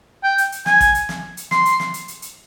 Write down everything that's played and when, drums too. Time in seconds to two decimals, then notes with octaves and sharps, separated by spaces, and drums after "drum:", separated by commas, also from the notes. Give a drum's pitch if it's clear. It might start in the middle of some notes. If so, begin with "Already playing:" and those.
0.23 G5
0.38 drum: hi-hat
0.52 drum: hi-hat
0.66 G#5, drum: snare
0.80 drum: kick, hi-hat
0.95 drum: hi-hat
1.09 drum: snare
1.37 drum: hi-hat
1.51 C6, drum: snare
1.65 drum: hi-hat
1.80 drum: snare
1.94 drum: hi-hat
2.08 drum: hi-hat
2.22 drum: hi-hat